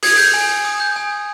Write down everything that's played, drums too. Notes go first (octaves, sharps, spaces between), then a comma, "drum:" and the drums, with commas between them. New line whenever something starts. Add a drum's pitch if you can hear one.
D#6 G#6, drum: open hi-hat
G6
G#5
G#5
D#6
G6
G#5
G#5